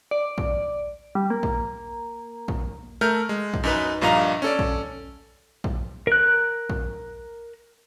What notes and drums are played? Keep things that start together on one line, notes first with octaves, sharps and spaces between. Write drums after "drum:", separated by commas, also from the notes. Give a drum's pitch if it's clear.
D5
drum: kick A#1
G3
A#3
drum: kick A#1
drum: kick A#1
A3 A#4 F6 G6
G#3
drum: kick A#1
F#2 D#4 B4
A#1 G2 A#2 D#5 F5 A#5
C#4 A4 D5
drum: kick A#1
drum: kick A#1
A#4 F#6
drum: kick A#1